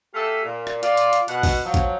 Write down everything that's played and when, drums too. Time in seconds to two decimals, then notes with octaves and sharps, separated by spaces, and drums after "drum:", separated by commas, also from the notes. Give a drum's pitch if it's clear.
0.14 A3 G4 A4 E5 F5 G#5
0.45 A#2
0.67 drum: rim click
0.83 F4 D5, drum: hi-hat
0.97 drum: hi-hat
1.13 drum: hi-hat
1.28 B2 F#5, drum: hi-hat
1.43 drum: kick, open hi-hat
1.64 F3 F#3
1.74 drum: kick, hi-hat